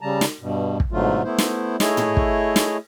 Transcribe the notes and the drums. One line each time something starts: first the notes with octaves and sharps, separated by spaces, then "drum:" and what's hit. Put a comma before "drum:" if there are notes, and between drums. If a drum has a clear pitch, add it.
C#3 G3 A5 A#5
drum: snare
G2 B2
drum: kick
G#2 B2 D3 F#3 A3 F4
A3 B3 E4 C5
drum: snare
A3 E4 G#4 C#5 D#5, drum: snare
drum: tom
drum: kick
drum: snare